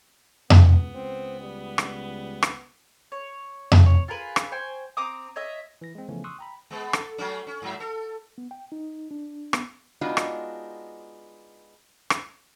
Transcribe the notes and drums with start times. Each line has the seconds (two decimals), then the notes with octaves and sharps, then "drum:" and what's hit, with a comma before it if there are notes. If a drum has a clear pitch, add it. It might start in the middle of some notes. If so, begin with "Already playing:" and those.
0.50 C#2 B3, drum: tom F2
0.95 C#2 C4
1.41 G3
1.78 drum: rim click
2.43 drum: rim click
3.12 C#5
3.72 drum: tom F2
3.86 C#5
4.08 F4 G#4 A#4 B4
4.36 drum: rim click
4.52 C5 G5 G#5 C#6
4.97 C4 A#5 D6 D#6
5.36 C#5 D#5 E5 D#6
5.81 E3 A#6
5.95 G#3 C4
6.09 C#3 E3 F3 A3 B3 C#4
6.24 C6 C#6 D#6 E6 F#6
6.39 G5 A#5 B5
6.71 G#3 B3
6.93 A4, drum: rim click
7.18 F#3 A3 C#4
7.47 C#4
7.62 G#2 F#3 E5
7.80 A4
8.38 B3
8.51 G5
8.72 D#4
9.11 D4
9.53 B3, drum: rim click
10.01 G#3 B3 D4 D#4 F4 F#4
10.17 drum: rim click
12.10 drum: rim click